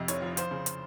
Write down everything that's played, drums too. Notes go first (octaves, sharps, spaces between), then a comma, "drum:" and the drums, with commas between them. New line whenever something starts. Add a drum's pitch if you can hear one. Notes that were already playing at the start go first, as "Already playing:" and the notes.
Already playing: F2 C3 D#5
F1 C#5, drum: hi-hat
F3
F3 C5, drum: hi-hat
C#3
drum: hi-hat